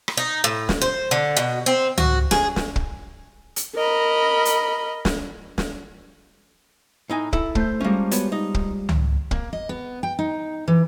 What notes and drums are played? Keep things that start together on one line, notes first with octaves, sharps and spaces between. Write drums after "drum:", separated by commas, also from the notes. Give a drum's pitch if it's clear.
drum: rim click
D#4
A2
drum: snare
C5
D3
B2
C4
F#4, drum: tom C#2
G#4, drum: snare
drum: snare
drum: kick
drum: hi-hat
A#4 D#5 B5
drum: hi-hat
drum: snare
drum: snare
A2 D#4 G#5
E4 A4, drum: kick
A3 C5 G6, drum: kick
G3 G#3 A#3 C#4 F4
B3 F#4 C#5, drum: hi-hat
D#4
drum: kick
drum: tom C#2
A#3, drum: kick
D#5
B3
G5
D#4
E3